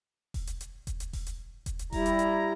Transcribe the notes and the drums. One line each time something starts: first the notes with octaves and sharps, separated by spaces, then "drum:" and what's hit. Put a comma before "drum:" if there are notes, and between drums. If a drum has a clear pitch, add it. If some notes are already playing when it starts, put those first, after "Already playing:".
drum: kick E1, open hi-hat
drum: hi-hat
drum: hi-hat
drum: kick E1, hi-hat
drum: hi-hat
drum: kick E1, open hi-hat
drum: hi-hat
drum: kick E1, hi-hat
drum: hi-hat
G3 E4 A#5, drum: kick E1, open hi-hat
drum: hi-hat
drum: hi-hat